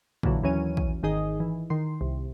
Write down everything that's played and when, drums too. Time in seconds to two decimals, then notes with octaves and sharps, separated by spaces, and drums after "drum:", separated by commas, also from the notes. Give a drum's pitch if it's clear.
0.23 A#2 D3 E3 F#3, drum: kick
0.43 D#2 E3 F#3 C#4 D#7
0.77 drum: kick
1.03 G#1 D#3 D#4 G#4 D#5
1.40 E3
1.70 D#3 C6
2.01 C2